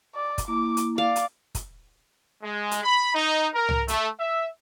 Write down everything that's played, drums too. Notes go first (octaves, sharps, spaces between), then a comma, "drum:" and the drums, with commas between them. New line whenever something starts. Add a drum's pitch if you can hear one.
D5
drum: kick, hi-hat
A#3 E4 D6
drum: hi-hat
D5 F5
drum: hi-hat
drum: kick, hi-hat
G#3
drum: hi-hat
B5
D#4
A#4
drum: tom C2
A3, drum: hi-hat
E5